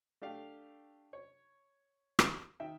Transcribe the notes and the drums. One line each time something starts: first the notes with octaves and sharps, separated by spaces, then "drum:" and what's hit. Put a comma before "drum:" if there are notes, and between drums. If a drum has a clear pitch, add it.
A3 D4 G4 F5
C#5
drum: rim click
D#3 E5 G5